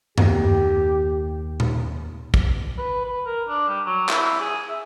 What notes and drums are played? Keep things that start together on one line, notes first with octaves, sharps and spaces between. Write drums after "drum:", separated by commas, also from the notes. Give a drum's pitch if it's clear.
D#2 G4, drum: tom F#2
drum: tom A#2
drum: kick
B4
B4
A#4
D4
G3
F#3
E4, drum: clap
G#4
E5